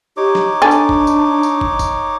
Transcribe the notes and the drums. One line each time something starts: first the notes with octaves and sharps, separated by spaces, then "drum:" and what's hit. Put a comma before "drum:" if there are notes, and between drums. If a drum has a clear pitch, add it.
D#4 G4 C#5 D6
drum: snare
D4 A4 G#5
drum: tambourine
drum: kick
drum: tambourine
drum: tambourine
drum: kick
drum: kick, tambourine